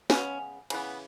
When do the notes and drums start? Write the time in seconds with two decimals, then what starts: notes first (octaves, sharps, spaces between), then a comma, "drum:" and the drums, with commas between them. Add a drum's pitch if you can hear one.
0.10 C#3 G#3 B3 C#4, drum: snare
0.70 C#3 E3 B3, drum: cymbal